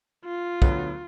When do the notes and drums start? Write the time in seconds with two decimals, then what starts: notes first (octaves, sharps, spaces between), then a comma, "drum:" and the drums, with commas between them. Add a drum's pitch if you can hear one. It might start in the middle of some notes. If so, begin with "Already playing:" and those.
0.25 F4
0.62 D2 D3 F#3 B3, drum: kick